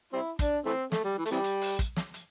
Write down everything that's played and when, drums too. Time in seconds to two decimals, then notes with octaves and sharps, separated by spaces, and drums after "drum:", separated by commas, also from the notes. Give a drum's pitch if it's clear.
0.13 G3 C4 E4
0.39 D4, drum: kick, hi-hat
0.65 E3 A3 C4
0.92 A3, drum: snare
1.04 G3
1.18 E3
1.25 A3, drum: hi-hat
1.31 C3 E3 G3
1.44 drum: hi-hat
1.61 drum: open hi-hat
1.79 drum: kick, hi-hat
1.96 drum: snare
2.14 drum: hi-hat